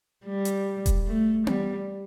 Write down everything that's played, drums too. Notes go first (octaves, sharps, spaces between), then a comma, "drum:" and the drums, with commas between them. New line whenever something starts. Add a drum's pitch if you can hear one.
G3
drum: hi-hat
drum: kick E1, hi-hat
A3
G3, drum: tom B3